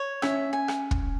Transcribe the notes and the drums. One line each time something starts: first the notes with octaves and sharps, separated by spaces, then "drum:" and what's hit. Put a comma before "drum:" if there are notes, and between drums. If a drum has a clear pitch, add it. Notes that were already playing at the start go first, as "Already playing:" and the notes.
Already playing: C#5
C#4 E5, drum: rim click
G#5
drum: rim click
drum: kick